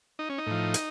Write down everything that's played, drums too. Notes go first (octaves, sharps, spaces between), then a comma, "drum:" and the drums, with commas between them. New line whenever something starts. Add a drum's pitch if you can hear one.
D#4
C#4
D#4
A2 F3
drum: hi-hat